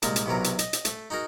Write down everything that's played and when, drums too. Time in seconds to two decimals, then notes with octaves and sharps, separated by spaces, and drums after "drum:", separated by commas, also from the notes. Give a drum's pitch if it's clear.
0.02 C2 A#2 G#3 A#3 A#4, drum: hi-hat
0.16 drum: hi-hat
0.26 B1 C3 E3 F#3 A#4
0.44 drum: hi-hat
0.59 D#5, drum: hi-hat
0.73 drum: hi-hat
0.85 A3, drum: hi-hat
1.10 D#4 F#4 G#4 A#4